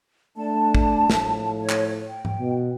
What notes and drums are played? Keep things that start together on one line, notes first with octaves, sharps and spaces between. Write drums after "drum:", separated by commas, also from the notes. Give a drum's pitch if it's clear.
A3 D4 A5
drum: kick
A2 F3, drum: snare
C#5
drum: clap
G5
drum: tom G#2
B2